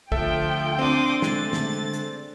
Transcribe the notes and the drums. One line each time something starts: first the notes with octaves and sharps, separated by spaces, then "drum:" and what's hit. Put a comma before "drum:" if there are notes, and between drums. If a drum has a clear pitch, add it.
D2 F3 F4 A4 E5 G5, drum: kick
C4 D4 C6 D6 D#6
D3 G#3 A3 A6, drum: snare
drum: snare
drum: hi-hat